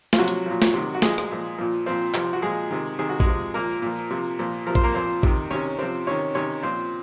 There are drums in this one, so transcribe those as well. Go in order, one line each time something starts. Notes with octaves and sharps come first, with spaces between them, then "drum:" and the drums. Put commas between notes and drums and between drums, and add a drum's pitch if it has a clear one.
F4, drum: snare
C3 F3 F#3 F#4
drum: hi-hat
A#2 F3
drum: snare
C3 D#3
F#4
A#2 F3 G#3 G#4, drum: snare
drum: rim click
A#2 F3
A#2 F3
A#2 F3 C4 C5
C3 F3, drum: clap
F#4
A#2 F3 G#3 G#4
C3 D#3
C3 D#3 G#4
F#4
G#3 G#4, drum: kick A1
C3 F3
A#2 F3 A#3 A#4
A#2 F3
C3 F3
A#2 F3
C3 F3 A#4
C5, drum: kick A1
A#3 A#4
A#2 F3 C4 C5
C3 D#3, drum: kick A1
C3 D#3 C#4 C#5
C3 F3 C4 C5
C3 D#3 C#4 C#5
C3 D#3 C#4 C#5
A#2 F3 C4 C5